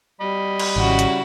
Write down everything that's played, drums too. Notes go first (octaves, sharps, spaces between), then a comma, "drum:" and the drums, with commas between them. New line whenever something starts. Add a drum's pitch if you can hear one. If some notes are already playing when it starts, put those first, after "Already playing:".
G3 D#5 B5
drum: cymbal
G#1 C#3 E4 F#4
drum: hi-hat